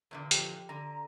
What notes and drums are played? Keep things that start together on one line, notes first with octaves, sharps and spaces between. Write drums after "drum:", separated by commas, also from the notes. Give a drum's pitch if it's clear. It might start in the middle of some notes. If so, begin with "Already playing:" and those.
E2 A#2 D3
F3 G4, drum: hi-hat
D3 A#5